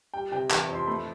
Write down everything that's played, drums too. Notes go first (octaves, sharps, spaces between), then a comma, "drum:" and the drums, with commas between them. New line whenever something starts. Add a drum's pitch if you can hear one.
G3 G5
C3 G5
E3 A5, drum: clap
A5
F2
C6
A3 B5